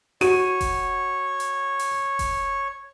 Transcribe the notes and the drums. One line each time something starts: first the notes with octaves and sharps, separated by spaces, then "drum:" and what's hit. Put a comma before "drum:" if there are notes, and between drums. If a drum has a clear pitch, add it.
F#4 C#5 D#7, drum: open hi-hat
drum: kick F1, open hi-hat
drum: hi-hat
drum: open hi-hat
drum: kick F1, open hi-hat